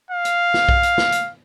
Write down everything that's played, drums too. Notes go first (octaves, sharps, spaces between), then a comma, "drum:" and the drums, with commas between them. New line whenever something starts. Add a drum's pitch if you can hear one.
F5
drum: hi-hat
drum: snare
drum: kick B1
drum: hi-hat
drum: snare
drum: hi-hat